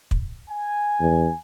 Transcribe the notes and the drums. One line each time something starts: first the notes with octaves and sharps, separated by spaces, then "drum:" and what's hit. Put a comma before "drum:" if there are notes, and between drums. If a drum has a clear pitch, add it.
drum: kick
G#5
E2